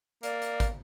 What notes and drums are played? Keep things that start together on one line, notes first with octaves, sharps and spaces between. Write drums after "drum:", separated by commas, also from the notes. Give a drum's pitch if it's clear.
A#3 D5, drum: hi-hat
drum: hi-hat
drum: kick, hi-hat